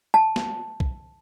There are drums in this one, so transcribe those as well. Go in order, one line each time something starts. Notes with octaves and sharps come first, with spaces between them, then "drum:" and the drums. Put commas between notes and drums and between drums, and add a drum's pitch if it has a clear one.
A5
drum: snare
drum: kick